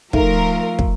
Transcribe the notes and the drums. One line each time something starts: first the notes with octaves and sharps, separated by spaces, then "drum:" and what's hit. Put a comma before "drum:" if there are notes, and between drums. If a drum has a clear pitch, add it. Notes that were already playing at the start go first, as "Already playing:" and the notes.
F3 A3 D#4 F4 A4 A#4 E5, drum: kick
drum: kick